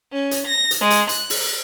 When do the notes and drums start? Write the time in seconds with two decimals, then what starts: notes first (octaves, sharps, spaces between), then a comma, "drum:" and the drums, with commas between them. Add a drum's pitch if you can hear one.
0.12 C#4
0.31 drum: hi-hat
0.45 A#6
0.71 drum: hi-hat
0.80 G#3
0.90 drum: hi-hat
1.09 F#6, drum: hi-hat
1.30 drum: open hi-hat